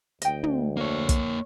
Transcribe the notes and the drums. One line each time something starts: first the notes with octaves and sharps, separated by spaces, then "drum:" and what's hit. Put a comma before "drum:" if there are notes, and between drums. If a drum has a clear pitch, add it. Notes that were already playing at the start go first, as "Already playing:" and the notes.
D2 D#5 G5, drum: hi-hat
drum: tom
A#3 C#5
drum: kick, hi-hat